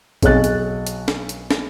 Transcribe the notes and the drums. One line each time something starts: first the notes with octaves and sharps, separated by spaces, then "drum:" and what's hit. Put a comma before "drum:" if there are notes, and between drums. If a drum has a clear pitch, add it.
B1 G#4 C#5 D#5 F#6 A6, drum: kick A#1, hi-hat
drum: hi-hat
drum: hi-hat
drum: snare
drum: hi-hat
drum: snare